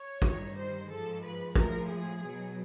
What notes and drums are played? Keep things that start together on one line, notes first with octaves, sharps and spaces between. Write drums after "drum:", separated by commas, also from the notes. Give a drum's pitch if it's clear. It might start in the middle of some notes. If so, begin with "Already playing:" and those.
Already playing: C#5
G2 D#3 G3, drum: kick
C5
G#2 F3 G#3 A4
B4
A2 F3 G#3 A#4, drum: kick
G#4
B2 F#3